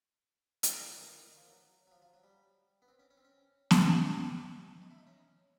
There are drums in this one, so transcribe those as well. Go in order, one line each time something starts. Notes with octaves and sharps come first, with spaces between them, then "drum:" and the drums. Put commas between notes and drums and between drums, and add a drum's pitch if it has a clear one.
drum: hi-hat
E3
D#3
D#3
F3
F#3
F#3
F3
F3
F#3
G3
B3
C4
C#4
C#4
C4
C#4
drum: snare B3
D4
D#4
D#4
E4
D#4
C#4